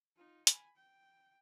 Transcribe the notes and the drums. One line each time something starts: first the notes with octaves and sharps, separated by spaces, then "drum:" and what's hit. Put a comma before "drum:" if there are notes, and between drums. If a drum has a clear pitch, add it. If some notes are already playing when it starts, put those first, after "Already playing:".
D#4 F4
G#5 B5, drum: hi-hat
G5